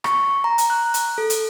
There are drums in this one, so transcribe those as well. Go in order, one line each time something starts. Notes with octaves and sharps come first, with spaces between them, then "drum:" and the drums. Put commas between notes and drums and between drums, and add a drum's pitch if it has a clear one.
C#6, drum: rim click
A#5
drum: hi-hat
F#6
drum: hi-hat
A4
drum: hi-hat